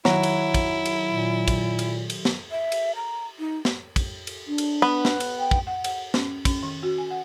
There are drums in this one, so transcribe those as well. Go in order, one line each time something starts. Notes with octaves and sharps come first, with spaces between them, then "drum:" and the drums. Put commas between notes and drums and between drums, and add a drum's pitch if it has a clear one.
D#3 F#3 E4 C#5 F#5 A#5, drum: snare
drum: cymbal
drum: kick, cymbal
drum: cymbal
A#2
drum: kick, cymbal
drum: cymbal
drum: cymbal
drum: snare
E5
drum: cymbal
A#5
D#4
drum: snare
drum: kick, cymbal
drum: cymbal
D4
drum: cymbal
B3
drum: snare
drum: cymbal
G5
drum: kick
F#5
F#5, drum: cymbal
C#4, drum: snare
C#4, drum: kick, cymbal
D#3
F#4
G#5
F#5